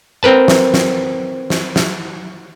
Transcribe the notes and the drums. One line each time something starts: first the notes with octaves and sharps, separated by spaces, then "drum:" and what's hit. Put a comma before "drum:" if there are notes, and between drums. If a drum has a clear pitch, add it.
C4 A#4 B4 A5
drum: snare
drum: snare
drum: snare
drum: snare